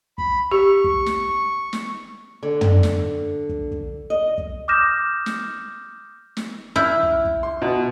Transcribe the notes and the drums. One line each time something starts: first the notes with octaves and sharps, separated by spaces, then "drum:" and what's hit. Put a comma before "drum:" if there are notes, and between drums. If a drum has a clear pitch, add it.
B5, drum: kick
G4 C#6
drum: kick
drum: snare
drum: snare
D3
drum: tom
drum: snare
drum: kick
drum: kick
D#5
drum: kick
D6 D#6 F6 G6 A#6 E7
drum: snare
drum: snare
E4 F6 G6
drum: kick
drum: kick
C6
B2